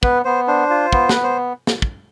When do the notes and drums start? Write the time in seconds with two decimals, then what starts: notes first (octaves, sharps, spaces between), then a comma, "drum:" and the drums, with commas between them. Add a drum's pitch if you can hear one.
0.03 B3 B4, drum: kick
0.25 B3 C5
0.48 D4 C5
0.70 F4
0.93 B3, drum: kick
1.09 B3 B4, drum: snare
1.23 C5
1.67 drum: snare
1.82 drum: kick